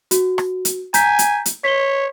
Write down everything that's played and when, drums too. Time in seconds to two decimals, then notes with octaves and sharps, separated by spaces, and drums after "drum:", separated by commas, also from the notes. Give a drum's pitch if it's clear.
0.11 F#4, drum: hi-hat
0.38 drum: rim click
0.65 drum: hi-hat
0.94 G#5 A#5 G6 B6, drum: hi-hat
1.19 drum: hi-hat
1.46 drum: hi-hat
1.64 C#5 B6 G7